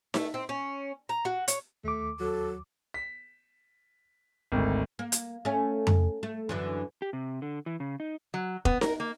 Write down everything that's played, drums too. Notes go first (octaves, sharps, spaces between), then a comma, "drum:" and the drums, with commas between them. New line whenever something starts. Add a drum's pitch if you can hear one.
A3, drum: snare D#4
C4
C#4
A#5
F#4
C#5, drum: hi-hat
D#2 A3 D6
F#3 A4
B6
G#1 D2
A#3
drum: hi-hat
A3 C#4
drum: tom F2
A3
F#2 D3 E3
G4
C3
D3
E3
C#3
D#4
F#3
B3, drum: kick F1
A#4, drum: snare D#4
A#3